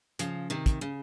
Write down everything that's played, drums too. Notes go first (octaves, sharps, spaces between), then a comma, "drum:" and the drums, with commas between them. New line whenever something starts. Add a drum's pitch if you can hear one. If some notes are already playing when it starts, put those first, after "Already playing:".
C#3 F3, drum: hi-hat
C3 D#3
drum: kick, hi-hat
C#3